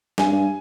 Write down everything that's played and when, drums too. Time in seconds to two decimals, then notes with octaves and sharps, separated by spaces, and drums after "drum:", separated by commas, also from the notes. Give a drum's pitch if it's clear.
0.18 G2 G#5, drum: snare
0.32 G2